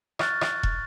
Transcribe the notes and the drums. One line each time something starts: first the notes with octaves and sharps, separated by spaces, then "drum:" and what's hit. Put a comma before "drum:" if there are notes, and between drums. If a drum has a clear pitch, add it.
C#6 F6 F#6 A6, drum: rim click
drum: rim click
drum: kick E1